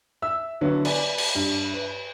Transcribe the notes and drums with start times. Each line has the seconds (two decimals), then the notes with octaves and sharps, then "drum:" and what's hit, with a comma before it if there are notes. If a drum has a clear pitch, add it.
0.22 E5 E6
0.61 D3 F#3 B3 E4
0.85 B4 D5 G#5, drum: cymbal
1.18 drum: cymbal
1.35 G2
1.74 B4